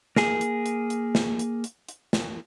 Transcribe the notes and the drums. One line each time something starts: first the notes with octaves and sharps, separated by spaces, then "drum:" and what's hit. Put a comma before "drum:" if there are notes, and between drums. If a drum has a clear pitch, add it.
A#3 G#4, drum: snare
drum: hi-hat
drum: hi-hat
drum: hi-hat
drum: snare
drum: hi-hat
drum: hi-hat
drum: hi-hat
drum: snare